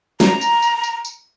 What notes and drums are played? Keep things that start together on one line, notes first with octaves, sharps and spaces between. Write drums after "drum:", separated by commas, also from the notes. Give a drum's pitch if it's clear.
A#5, drum: snare
drum: tambourine
drum: tambourine
drum: tambourine
drum: tambourine